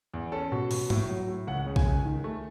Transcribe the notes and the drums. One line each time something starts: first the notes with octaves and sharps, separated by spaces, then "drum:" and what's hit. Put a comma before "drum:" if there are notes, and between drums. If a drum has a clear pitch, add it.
E2
C#4 A4
B2
B2, drum: open hi-hat
A2, drum: tom
F#3
A2
C#2 F#5
C#3
G#5, drum: kick B1
C#2
D#3
A3